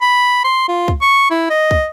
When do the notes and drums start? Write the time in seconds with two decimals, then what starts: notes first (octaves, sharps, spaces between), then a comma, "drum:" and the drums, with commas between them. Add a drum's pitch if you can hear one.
0.01 B5
0.44 C6
0.68 F4
0.88 drum: kick
1.02 C#6
1.31 E4
1.50 D#5
1.71 drum: kick